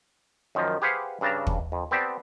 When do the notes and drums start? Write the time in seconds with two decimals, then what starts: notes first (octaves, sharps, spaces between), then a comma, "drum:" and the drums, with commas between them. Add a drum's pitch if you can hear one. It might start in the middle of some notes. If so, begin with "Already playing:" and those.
0.55 F#2 D#3 F3
0.82 G4 G#4 B4 C5 F5 F#5
1.21 G2 C#3 D4 A5 A#5
1.47 drum: kick
1.72 F2
1.91 B3 C4 G4 D5 A5